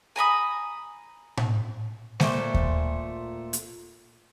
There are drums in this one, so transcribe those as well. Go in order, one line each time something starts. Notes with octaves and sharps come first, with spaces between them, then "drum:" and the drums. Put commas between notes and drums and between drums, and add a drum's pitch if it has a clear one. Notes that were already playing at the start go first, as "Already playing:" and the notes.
G#5 A#5 B5 D#6
drum: tom A2
A#2 A3 C5, drum: snare G#3
drum: kick D#2
drum: hi-hat